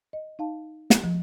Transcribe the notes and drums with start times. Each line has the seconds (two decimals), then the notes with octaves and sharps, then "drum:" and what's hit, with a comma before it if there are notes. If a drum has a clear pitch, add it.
0.13 D#5
0.39 D#4 F5 A5
0.90 drum: snare
1.04 F3